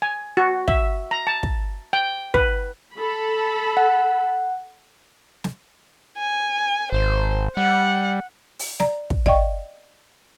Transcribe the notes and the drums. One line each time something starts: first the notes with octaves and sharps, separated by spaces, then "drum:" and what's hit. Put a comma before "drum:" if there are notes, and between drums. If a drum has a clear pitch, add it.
G#5
F#4
E5, drum: kick
A#5
A5
drum: kick
G5
B4, drum: kick
A4 B5
F#5
drum: snare
G#5
G#1 C5
G3 F#5
drum: open hi-hat
D5 A#5, drum: snare
drum: kick
D5 D#5 F5 G5 C#6, drum: kick